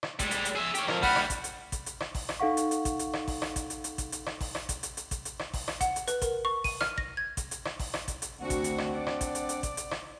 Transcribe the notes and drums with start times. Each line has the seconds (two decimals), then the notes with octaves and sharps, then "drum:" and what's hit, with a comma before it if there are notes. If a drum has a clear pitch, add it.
0.03 drum: rim click
0.19 G3 G#3, drum: kick A1, hi-hat
0.31 drum: hi-hat
0.45 drum: hi-hat
0.55 G#4 E5 E6
0.75 G4 C#5, drum: hi-hat
0.88 F2 F3 A#4, drum: rim click
1.03 D2 G3 F#5 B5 F6, drum: kick A1, open hi-hat
1.16 drum: rim click
1.30 drum: kick A1, hi-hat
1.44 drum: hi-hat
1.72 drum: kick A1, hi-hat
1.86 drum: hi-hat
2.00 drum: rim click
2.15 drum: kick A1, open hi-hat
2.29 drum: rim click
2.40 D#4 A4 F5 F#5 C#6
2.57 drum: hi-hat
2.71 drum: hi-hat
2.85 drum: kick A1, hi-hat
2.99 drum: hi-hat
3.13 drum: rim click
3.28 drum: kick A1, open hi-hat
3.42 drum: rim click
3.56 drum: kick A1, hi-hat
3.70 drum: hi-hat
3.84 drum: hi-hat
3.98 drum: kick A1, hi-hat
4.12 drum: hi-hat
4.26 drum: rim click
4.41 drum: kick A1, open hi-hat
4.55 drum: rim click
4.69 drum: kick A1, hi-hat
4.83 drum: hi-hat
4.97 drum: hi-hat
5.11 drum: kick A1, hi-hat
5.25 drum: hi-hat
5.39 drum: rim click
5.54 drum: kick A1, open hi-hat
5.68 drum: rim click
5.81 F#5, drum: kick A1, hi-hat
5.96 drum: hi-hat
6.08 B4, drum: hi-hat
6.22 A#4, drum: kick A1, hi-hat
6.45 C#6
6.64 D#7, drum: kick A1, open hi-hat
6.81 F6, drum: rim click
6.98 A#6, drum: kick A1
7.17 G#6
7.37 drum: kick A1, hi-hat
7.51 drum: hi-hat
7.65 drum: rim click
7.79 drum: kick A1, open hi-hat
7.94 drum: rim click
8.08 drum: kick A1, hi-hat
8.22 drum: hi-hat
8.40 D2 C4 D4 F#4 F#5
8.50 drum: kick A1, hi-hat
8.64 drum: hi-hat
8.78 drum: rim click
8.96 D5
9.07 drum: rim click
9.21 drum: kick A1, hi-hat
9.35 drum: hi-hat
9.49 drum: hi-hat
9.63 drum: kick A1, hi-hat
9.77 drum: hi-hat
9.91 drum: rim click